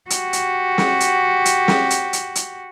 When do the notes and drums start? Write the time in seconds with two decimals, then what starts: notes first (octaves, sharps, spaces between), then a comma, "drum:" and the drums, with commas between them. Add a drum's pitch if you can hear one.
0.10 F#4 G4, drum: hi-hat
0.33 drum: hi-hat
0.78 drum: snare
1.00 drum: hi-hat
1.45 drum: hi-hat
1.68 drum: snare
1.90 drum: hi-hat
2.13 drum: hi-hat
2.35 drum: hi-hat